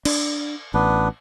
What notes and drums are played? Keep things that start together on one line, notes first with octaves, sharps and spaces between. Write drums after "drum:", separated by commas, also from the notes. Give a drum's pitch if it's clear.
D4, drum: cymbal
A1 B3 D4 B4